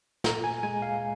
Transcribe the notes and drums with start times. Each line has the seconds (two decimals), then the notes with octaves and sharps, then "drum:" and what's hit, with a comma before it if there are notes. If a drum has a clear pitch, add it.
0.24 A#2 A#5, drum: snare
0.44 G#5
0.63 G#3 G#5
0.82 F5